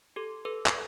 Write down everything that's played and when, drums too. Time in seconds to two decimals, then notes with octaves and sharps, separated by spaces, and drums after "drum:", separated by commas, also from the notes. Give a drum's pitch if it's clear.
0.16 G4 A4
0.45 A4 B4
0.66 drum: clap